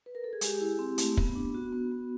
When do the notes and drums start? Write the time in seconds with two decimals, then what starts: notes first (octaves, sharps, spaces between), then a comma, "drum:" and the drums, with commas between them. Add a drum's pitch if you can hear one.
0.06 B4
0.15 A#4
0.24 A4
0.33 G#4
0.41 G#3 G4, drum: hi-hat
0.61 E4
0.79 C4
0.98 A3, drum: hi-hat
1.17 B3, drum: kick
1.35 D4
1.54 B3 F#4
1.73 B3
1.92 B3